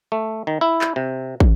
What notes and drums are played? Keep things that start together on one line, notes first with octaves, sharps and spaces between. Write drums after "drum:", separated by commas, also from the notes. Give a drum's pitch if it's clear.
A3
D#3
E4
drum: clap
C3
drum: kick